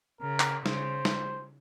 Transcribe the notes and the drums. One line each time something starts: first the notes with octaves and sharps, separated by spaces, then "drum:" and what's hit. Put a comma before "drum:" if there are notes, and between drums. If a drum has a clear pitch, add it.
C#3 A#4
drum: clap
C#3 C5, drum: snare
drum: snare